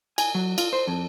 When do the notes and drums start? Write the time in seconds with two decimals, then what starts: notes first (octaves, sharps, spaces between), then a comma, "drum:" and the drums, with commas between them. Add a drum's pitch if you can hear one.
0.18 G#5, drum: cymbal
0.35 F#3
0.58 F4, drum: cymbal
0.73 C5
0.87 F2